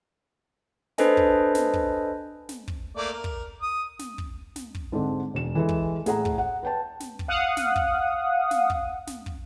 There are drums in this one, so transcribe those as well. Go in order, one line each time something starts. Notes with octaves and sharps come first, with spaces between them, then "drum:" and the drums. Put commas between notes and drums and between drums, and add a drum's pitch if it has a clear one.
D4 A4 B4 C5 D#5 G#5, drum: snare
drum: kick
drum: snare
drum: kick
drum: snare
drum: kick
A3 A#3 D5
A#4
drum: kick
D#6
drum: snare
drum: kick
drum: snare
drum: kick
G#2 D3 C4 D4
E1 E7
E3 G#3 A4
drum: kick
A2 G#4 F#5 A#5, drum: snare
drum: kick
F#5
B4 G5 A5
drum: snare
drum: kick
F5 F#5 D#6
drum: snare
drum: kick
drum: snare
drum: kick
drum: snare
drum: kick